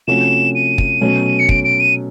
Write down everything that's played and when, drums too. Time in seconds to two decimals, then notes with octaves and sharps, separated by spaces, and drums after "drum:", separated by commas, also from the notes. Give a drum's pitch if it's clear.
0.07 C3 F3 A3 C#4 F#4 E7
0.55 D#7
0.78 drum: kick
1.01 B2 F#3 A3 C#4
1.39 C#7
1.49 D7, drum: kick
1.64 D7
1.80 D#7